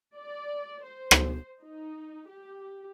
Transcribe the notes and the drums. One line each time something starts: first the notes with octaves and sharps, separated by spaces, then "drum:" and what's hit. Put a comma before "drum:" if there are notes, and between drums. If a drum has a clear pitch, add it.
D5
C5
drum: rim click
D#4
G4